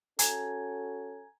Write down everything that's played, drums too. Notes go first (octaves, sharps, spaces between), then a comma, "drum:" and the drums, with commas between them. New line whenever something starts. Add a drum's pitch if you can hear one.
C#4 F#4 A4 G#5 A#5 G#6, drum: hi-hat